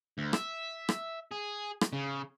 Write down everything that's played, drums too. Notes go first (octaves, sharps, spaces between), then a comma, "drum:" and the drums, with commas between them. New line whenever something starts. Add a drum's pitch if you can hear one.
D2
E5, drum: rim click
drum: rim click
G#4
drum: rim click
C#3